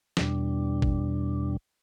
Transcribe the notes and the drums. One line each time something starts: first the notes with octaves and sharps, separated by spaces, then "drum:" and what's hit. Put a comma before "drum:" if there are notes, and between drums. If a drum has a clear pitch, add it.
E2 B2 G3 D4, drum: snare
drum: kick